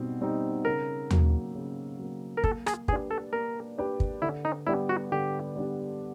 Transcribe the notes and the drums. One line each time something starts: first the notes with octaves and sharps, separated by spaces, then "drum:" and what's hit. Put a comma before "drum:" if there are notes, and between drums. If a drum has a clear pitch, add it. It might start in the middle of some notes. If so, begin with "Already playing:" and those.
Already playing: B2 G3 C4 D#4
G3 C4 D#4
C#3 A#4
F#3 A#3, drum: tom D#2
C#3
F#3 A#3
A#4
A#3 A4, drum: kick
G#4, drum: rim click
D4 G4 G#4 B4, drum: kick
A4
A#3 A#4
D4 G4 B4
drum: kick
D3 E4
D#4
G3 B3 D4 E4 G4
F#4
D3 G4
G3 B3 D4 G4